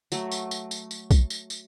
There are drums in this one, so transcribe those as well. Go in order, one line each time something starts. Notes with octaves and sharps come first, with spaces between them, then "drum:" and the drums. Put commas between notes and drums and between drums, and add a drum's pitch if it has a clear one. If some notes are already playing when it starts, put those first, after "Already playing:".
F#3 A3, drum: tambourine
drum: tambourine
drum: tambourine
drum: tambourine
drum: tambourine
drum: kick, tambourine
drum: tambourine
drum: tambourine